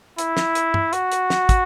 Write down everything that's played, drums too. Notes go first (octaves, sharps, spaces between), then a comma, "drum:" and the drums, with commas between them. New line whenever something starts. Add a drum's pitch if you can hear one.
E4, drum: hi-hat
drum: snare
drum: hi-hat
drum: tom
F#4, drum: hi-hat
drum: hi-hat
drum: snare
drum: kick, hi-hat